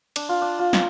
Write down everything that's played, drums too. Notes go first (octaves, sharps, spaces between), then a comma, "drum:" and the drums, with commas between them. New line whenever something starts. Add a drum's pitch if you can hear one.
D4, drum: cymbal
F4
D4
F4
drum: snare